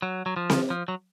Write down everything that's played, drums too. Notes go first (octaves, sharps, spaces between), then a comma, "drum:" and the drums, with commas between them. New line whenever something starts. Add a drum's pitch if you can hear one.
F#3
F#3
F3
drum: snare C4
F3
F#3